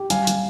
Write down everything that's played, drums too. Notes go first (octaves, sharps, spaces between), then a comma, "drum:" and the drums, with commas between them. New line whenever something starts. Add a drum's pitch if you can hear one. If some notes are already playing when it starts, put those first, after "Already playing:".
Already playing: G4
G3 F5 G#5, drum: hi-hat
G3, drum: hi-hat